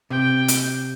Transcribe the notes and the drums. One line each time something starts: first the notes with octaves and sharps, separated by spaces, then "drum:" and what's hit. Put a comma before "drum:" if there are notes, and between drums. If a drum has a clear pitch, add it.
C3 G5
drum: hi-hat